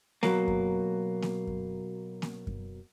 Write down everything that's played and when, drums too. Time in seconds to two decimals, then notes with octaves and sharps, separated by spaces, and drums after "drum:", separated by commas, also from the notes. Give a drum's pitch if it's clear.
0.23 B2 F#3 A#3, drum: snare A#3
0.48 drum: kick F#2
1.22 drum: snare A#3
1.47 drum: kick F#2
2.22 drum: snare A#3
2.47 drum: kick F#2